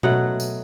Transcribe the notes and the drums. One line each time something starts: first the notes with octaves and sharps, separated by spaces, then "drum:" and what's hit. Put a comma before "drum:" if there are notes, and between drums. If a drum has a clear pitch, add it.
B2 F#3 A3 F#5, drum: tom B2
drum: tambourine